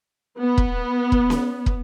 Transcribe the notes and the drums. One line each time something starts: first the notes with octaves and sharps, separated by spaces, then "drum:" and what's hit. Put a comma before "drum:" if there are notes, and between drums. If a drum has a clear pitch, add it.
B3
drum: kick
drum: kick
drum: snare C#4
drum: kick